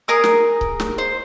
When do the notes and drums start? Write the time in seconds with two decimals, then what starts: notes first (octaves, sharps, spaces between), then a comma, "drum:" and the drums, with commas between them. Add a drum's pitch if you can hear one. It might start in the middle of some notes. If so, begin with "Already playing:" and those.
0.08 G#4 A#4 D#6
0.24 drum: snare
0.61 drum: kick C#1
0.80 drum: snare
0.98 C5